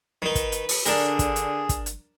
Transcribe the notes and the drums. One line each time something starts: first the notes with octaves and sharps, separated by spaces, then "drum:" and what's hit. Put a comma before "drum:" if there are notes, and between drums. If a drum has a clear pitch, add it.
D#3 D#4 B4
drum: kick, hi-hat
drum: hi-hat
drum: open hi-hat
D3 D4 G#4 A#4, drum: hi-hat
drum: kick, hi-hat
drum: hi-hat
drum: kick, hi-hat
drum: hi-hat